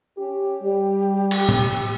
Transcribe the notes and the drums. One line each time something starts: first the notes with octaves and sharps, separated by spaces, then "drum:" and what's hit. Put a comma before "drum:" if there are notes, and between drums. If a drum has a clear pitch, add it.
C#4 G4
G3 G4
drum: cymbal
drum: tom